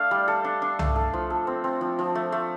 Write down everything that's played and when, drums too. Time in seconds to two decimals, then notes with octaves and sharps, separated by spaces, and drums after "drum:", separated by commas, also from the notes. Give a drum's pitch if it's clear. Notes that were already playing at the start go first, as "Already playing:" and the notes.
Already playing: A3 D4 F5
0.11 G3
0.28 A4
0.44 D4
0.62 D4
0.79 A3, drum: tom C2
0.96 A4
1.13 F3
1.30 A4
1.47 C4
1.64 C4
1.81 F3
1.99 F3
2.15 A3
2.32 A3